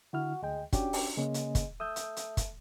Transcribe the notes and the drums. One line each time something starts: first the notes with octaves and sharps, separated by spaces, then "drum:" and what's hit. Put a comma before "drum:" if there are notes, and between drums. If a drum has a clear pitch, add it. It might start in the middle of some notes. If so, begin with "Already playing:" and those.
D3 E4 F#4 F6
D2 G#3 G5
C#4 D4 F#4 G4, drum: kick, hi-hat
drum: open hi-hat
C#3 G#3 A#3 C#4
drum: hi-hat
drum: kick, hi-hat
A3 D#6 E6 G6
drum: hi-hat
drum: hi-hat
drum: kick, hi-hat